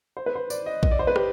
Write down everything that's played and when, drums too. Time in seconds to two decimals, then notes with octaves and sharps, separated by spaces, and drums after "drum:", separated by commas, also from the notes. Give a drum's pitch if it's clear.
0.17 C5
0.26 B4
0.35 C5
0.50 D5, drum: tambourine
0.66 D#5
0.83 D#5, drum: kick A#1
0.91 D5
0.99 C5
1.07 B4
1.16 G4, drum: rim click